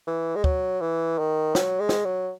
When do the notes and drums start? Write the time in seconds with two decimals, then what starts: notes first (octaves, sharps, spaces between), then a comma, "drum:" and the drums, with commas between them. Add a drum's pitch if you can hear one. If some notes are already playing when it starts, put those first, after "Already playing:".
0.07 E3
0.36 G#3
0.44 F#3, drum: kick
0.81 E3
1.19 D#3
1.55 F#3, drum: snare
1.80 G#3
1.89 drum: snare
2.05 F#3